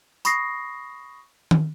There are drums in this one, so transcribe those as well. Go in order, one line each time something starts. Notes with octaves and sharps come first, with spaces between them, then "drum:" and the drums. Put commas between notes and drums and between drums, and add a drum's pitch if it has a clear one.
B5 C#6 D#6 A#6 C7, drum: tambourine
drum: tom D#3